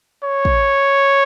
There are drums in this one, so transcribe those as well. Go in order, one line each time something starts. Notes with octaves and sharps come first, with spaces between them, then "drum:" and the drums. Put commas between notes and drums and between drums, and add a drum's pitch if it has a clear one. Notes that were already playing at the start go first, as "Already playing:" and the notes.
C#5
drum: kick